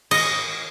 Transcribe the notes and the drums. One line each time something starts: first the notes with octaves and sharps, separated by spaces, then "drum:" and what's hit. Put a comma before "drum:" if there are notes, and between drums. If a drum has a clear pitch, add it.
D#5, drum: cymbal